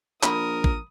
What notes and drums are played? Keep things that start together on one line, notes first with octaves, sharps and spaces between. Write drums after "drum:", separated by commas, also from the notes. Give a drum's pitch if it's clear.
A#1 A#4 B5 D#6, drum: clap
drum: kick A1